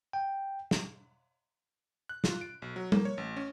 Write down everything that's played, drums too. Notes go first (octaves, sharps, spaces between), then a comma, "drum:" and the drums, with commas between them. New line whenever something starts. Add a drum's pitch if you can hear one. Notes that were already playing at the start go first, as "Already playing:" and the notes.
G5
drum: snare
F#6
F4, drum: snare
D7
B1
F#3
A#3, drum: tom G3
C#5
A1
C#4